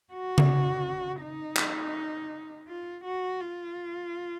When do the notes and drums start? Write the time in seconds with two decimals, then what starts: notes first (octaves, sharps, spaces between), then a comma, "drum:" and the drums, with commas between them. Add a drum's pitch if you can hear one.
0.14 F#4
0.38 drum: tom C#3
1.23 D#4
1.56 drum: clap
2.68 F4
3.05 F#4
3.41 F4